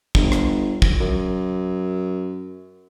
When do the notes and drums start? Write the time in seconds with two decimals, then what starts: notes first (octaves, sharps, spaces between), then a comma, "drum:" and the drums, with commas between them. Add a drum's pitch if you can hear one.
0.15 G1, drum: kick
0.32 drum: rim click
0.82 drum: kick
1.00 F#2